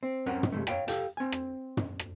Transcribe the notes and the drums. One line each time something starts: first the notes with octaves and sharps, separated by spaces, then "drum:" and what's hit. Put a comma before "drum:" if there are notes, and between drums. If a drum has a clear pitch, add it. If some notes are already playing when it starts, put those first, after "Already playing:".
C4
F#2 C4 C#4 A#4 F#5
drum: tom
C3 E3 G#3 A3
C#5 D5 F5 G5 B5, drum: rim click
G4 A4 F5, drum: hi-hat
C4 G#5
drum: rim click
drum: tom
drum: rim click